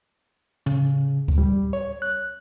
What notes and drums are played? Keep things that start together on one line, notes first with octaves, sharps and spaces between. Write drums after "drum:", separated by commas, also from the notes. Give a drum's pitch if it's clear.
C#3, drum: tom
drum: kick D2
G3
C#5
F#6